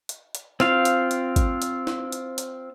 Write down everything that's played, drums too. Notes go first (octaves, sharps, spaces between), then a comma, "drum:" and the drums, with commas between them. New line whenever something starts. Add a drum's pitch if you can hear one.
drum: hi-hat
drum: hi-hat
C4 F4 F5, drum: snare
drum: hi-hat
drum: hi-hat
drum: kick, hi-hat
drum: hi-hat
drum: snare
drum: hi-hat
drum: hi-hat